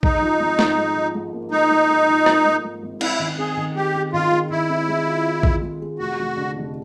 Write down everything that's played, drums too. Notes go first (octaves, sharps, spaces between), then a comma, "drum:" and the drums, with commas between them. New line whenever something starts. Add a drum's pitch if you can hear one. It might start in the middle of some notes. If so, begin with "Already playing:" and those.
G#2 D#4, drum: kick A#1
F3
G#1
G#1, drum: snare
G#2
F3
G#2
A#3
G#2 D#4
G#2
G#2
F3
A#3, drum: rim click
G#2
G#2
G#1
C4 E4, drum: cymbal
D#3
C4 G#4
D#3
G#3 G4
C4
D#3 F4
G#3
D#3 E4
C4
G#3
F4
F4
G#3, drum: kick A#1
G#3
G#3
F1 F#4
F1
D3
F1